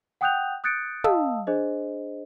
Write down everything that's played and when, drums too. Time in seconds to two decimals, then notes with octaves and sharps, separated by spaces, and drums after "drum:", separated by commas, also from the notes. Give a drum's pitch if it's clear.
0.21 F#5 G5 D#6 F#6 G6 F7
0.64 D#6 F#6 G6 A6 C#7 D7
1.04 D#5 F5 A5 D#6 E6, drum: tom
1.47 D4 G#4 C5 D#5